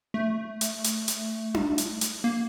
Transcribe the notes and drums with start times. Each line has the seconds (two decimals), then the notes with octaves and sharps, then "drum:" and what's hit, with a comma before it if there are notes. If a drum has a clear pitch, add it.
0.14 A3
0.61 drum: hi-hat
0.84 drum: hi-hat
1.08 drum: hi-hat
1.54 drum: tom D4
1.78 drum: hi-hat
2.01 drum: hi-hat
2.24 A#3